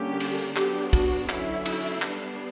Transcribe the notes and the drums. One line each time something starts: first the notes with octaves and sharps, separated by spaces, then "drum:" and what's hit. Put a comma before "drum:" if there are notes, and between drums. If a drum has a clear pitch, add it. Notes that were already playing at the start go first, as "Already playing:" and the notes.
Already playing: D3 G3 A#3 C#4 G4
drum: cymbal
F#3 B3 D4 G4, drum: clap
F#4, drum: kick, cymbal
D3 F#3 C#4 E4, drum: clap
drum: cymbal
G3 B3 D4, drum: clap